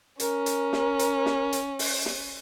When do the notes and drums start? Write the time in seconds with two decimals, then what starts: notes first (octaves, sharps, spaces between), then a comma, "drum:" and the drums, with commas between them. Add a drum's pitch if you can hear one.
0.20 C#4 A#4, drum: hi-hat
0.46 drum: hi-hat
0.73 drum: snare
0.99 drum: hi-hat
1.26 drum: snare
1.53 drum: hi-hat
1.79 drum: open hi-hat
2.06 drum: snare